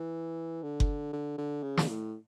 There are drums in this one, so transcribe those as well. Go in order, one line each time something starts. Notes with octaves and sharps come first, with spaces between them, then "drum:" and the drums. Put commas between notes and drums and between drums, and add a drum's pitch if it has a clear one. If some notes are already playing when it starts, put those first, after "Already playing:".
Already playing: E3
D3
drum: kick F#1
D3
D3
C#3
drum: snare
A2